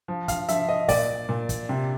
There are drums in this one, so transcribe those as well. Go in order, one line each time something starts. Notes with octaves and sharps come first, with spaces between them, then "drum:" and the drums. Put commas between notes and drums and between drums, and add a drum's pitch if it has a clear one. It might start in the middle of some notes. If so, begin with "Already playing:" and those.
F3
F5, drum: kick, hi-hat
F3 E5, drum: hi-hat
D#5
A#2 D5, drum: kick, open hi-hat
A#2
drum: kick, hi-hat
C3